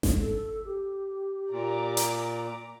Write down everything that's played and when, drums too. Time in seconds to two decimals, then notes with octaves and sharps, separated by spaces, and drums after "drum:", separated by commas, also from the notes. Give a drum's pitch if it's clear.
0.03 drum: snare G#1
0.20 A4
0.65 G4
1.51 A#2 D5 A#5 D6
1.97 drum: hi-hat